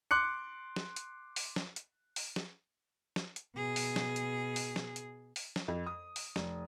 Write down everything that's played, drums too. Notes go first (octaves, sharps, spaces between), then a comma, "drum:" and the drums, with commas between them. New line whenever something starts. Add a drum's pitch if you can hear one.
C6 D6 F#6 C#7
drum: snare
drum: hi-hat
drum: open hi-hat
drum: snare
drum: hi-hat
drum: open hi-hat
drum: snare
drum: snare
drum: hi-hat
B2 G#4
drum: open hi-hat
drum: snare
drum: hi-hat
drum: open hi-hat
drum: snare
drum: hi-hat
drum: open hi-hat
drum: snare
F2
D#6
drum: open hi-hat
F1, drum: snare